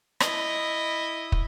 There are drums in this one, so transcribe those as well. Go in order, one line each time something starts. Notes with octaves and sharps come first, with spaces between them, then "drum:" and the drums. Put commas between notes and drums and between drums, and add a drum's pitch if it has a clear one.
E4 D#5, drum: rim click
drum: kick